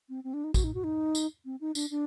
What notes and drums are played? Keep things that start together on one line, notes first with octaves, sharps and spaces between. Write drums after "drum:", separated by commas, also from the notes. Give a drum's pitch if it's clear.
C4
C4
D4
D#4
F#4, drum: kick, tambourine
D#4
F#4
D#4
drum: tambourine
C4
D#4
D4, drum: tambourine
D4